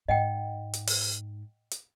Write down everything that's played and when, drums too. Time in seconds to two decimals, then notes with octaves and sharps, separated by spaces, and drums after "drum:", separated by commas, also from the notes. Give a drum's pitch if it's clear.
0.09 G#2 D#5 F#5 G5
0.73 drum: hi-hat
0.87 drum: open hi-hat
1.71 drum: hi-hat